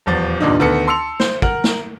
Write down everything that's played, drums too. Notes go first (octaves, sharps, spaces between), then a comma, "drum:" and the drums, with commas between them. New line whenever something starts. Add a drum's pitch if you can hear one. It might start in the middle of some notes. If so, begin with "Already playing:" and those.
D#1 E2 F3 A6
E2 G2 A#2 D3 D4 D#4
D2 D#3 B3 A4 C#7
A5 C6 E6 C#7 F7
C5, drum: snare
A#4 F#5, drum: kick
drum: snare